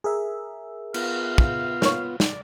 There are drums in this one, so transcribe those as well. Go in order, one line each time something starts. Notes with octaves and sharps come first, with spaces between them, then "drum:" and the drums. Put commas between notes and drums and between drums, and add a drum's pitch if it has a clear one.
G#4 A#4 E5
B3 F4 F5, drum: cymbal
drum: kick
A#3 C#5, drum: snare
D5, drum: snare